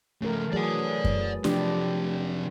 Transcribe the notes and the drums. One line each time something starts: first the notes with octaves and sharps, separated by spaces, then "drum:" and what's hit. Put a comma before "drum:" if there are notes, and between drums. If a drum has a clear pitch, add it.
C#3 F3 A3 A#4
E3 F#3 G#4 D5 F#5
drum: kick F#2
C3 F3 D4 G4 D5, drum: snare